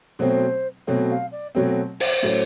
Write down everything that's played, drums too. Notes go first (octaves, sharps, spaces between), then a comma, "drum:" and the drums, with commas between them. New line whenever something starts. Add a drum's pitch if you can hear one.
B2 F#3 A3 C4 C5
B2 F#3 A3 C4 C#5
F5
D5
B2 F#3 A3 C4 C#5
C5, drum: open hi-hat
A2 F#3 A3 C#4